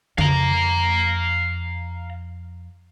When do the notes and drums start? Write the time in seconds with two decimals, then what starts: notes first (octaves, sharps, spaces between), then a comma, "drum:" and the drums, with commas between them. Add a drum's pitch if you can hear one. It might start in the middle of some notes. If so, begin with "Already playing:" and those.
0.18 F2 F5 A#5, drum: tom C#3